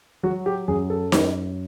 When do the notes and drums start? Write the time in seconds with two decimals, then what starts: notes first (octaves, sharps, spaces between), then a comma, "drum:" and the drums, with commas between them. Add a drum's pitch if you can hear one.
0.23 F#3 F#4
0.46 G4
0.68 F#2 G#4
0.90 A4
1.12 F#2, drum: snare D#4